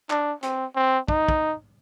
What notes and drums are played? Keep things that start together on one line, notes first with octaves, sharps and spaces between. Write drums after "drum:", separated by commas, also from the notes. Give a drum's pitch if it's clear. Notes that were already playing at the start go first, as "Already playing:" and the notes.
D4, drum: clap
C4, drum: hi-hat
C4
D#4, drum: kick
drum: kick